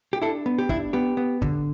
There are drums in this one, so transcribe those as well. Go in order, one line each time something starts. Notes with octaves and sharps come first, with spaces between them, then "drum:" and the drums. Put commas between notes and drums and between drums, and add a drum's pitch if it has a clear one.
G4
D4 E4 A4
B3
G4
D4 E4, drum: kick
B3 G4
B3
D3, drum: kick